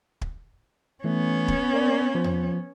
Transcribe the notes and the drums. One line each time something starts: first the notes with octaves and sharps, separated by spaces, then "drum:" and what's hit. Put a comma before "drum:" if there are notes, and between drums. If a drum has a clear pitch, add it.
drum: kick
E3 A3 B3 C#4
drum: kick
A#4 D5
F3 C5
drum: tom E2